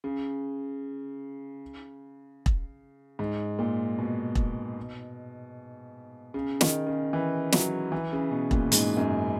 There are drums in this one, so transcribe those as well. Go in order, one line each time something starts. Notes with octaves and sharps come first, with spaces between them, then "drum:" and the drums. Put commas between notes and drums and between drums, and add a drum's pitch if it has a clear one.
C#3
drum: kick E1
G#2
A#2
B2
drum: kick E1
C#3
D#3, drum: snare
C#3
E3
F#3, drum: snare
E3
C#3
B2
A#2, drum: kick E1
G#2, drum: hi-hat
F#2